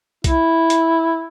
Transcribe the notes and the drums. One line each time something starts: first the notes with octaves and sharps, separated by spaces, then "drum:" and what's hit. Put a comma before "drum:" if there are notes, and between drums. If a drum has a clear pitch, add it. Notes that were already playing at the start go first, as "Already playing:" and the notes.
E4, drum: kick B1, hi-hat
drum: hi-hat